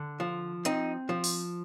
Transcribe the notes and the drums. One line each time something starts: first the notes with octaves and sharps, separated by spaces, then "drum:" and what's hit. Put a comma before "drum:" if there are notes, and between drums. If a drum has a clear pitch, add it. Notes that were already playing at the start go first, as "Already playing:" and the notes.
Already playing: D3
F3
C4 D#4, drum: hi-hat
F3
drum: open hi-hat